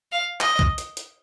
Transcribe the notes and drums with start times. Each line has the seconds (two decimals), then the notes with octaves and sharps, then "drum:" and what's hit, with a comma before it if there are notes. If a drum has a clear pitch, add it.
0.12 F5
0.40 D#5, drum: clap
0.59 drum: kick C2
0.78 drum: hi-hat
0.97 drum: hi-hat